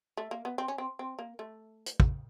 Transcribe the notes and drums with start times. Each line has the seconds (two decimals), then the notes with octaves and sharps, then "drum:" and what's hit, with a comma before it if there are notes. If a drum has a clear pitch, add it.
0.17 A3
0.31 A#3
0.45 B3
0.58 C4
0.68 C#4
0.78 C4
0.99 C4
1.19 A#3
1.39 A3
1.86 drum: hi-hat
2.00 drum: kick